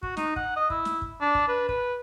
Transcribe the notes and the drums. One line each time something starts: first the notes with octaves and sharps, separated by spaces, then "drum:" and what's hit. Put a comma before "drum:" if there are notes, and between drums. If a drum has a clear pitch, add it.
F#4, drum: kick
D#4, drum: snare
F#5, drum: kick
D#5
E4, drum: kick
drum: snare
drum: kick
D4
drum: kick
B4
B4, drum: kick